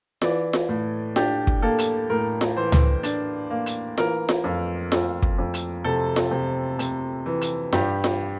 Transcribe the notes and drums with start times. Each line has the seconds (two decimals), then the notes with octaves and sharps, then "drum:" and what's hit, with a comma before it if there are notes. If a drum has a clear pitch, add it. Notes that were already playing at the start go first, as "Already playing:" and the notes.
0.22 E3 D5, drum: snare F4
0.53 drum: snare F4
0.69 A2
1.16 D4 G4, drum: snare F4
1.47 drum: kick
1.62 A#3 A4
1.78 drum: hi-hat
2.10 A2 A#4
2.41 drum: snare F4
2.57 E3 C5
2.72 drum: tom C#2
3.03 D4, drum: hi-hat
3.50 A#3
3.66 drum: hi-hat
3.98 E3 A#4, drum: snare F4
4.29 drum: snare F4
4.44 F2
4.92 F2, drum: snare F4
5.22 drum: kick
5.38 F2
5.54 drum: hi-hat
5.84 C3 A4
6.16 drum: snare F4
6.31 C3
6.79 C3, drum: hi-hat
7.26 E3
7.41 drum: hi-hat
7.73 G2 G4, drum: snare F4
8.04 drum: snare F4